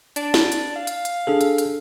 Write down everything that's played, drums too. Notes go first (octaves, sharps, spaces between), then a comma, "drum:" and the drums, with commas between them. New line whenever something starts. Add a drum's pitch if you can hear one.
D4, drum: hi-hat
drum: snare
drum: hi-hat
F5
drum: hi-hat
drum: hi-hat
D4 G#4 A4
drum: hi-hat
drum: hi-hat